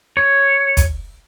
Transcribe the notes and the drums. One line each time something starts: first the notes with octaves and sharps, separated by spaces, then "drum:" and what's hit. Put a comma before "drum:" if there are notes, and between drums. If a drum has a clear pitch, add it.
C#5
drum: kick, hi-hat